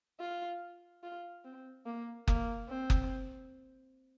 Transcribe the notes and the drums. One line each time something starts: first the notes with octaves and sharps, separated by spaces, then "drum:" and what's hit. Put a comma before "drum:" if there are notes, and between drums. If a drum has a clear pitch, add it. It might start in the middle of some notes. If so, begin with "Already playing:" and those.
F4
F4
C4
A#3
A#3, drum: kick F#1
C4
drum: kick F#1